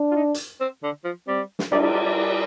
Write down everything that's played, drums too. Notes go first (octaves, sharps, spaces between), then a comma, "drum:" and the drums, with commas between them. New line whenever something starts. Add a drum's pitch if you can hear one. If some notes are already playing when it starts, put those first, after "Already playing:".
Already playing: D4
F4
D#4
drum: hi-hat
C4
D3
F3
G3 C4
drum: snare
G3 D4, drum: cymbal
G3
G3
G3
G3